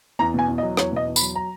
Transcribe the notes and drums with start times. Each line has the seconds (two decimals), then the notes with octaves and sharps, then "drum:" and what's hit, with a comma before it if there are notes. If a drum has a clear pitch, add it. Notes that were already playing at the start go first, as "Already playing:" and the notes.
0.19 E2 A#5
0.34 B2 G#5
0.48 E2
0.58 D#5
0.63 F#3
0.77 E2 C#5, drum: rim click
0.92 B2 D#5
1.07 E2
1.16 B5, drum: tambourine
1.21 F#3
1.36 A#5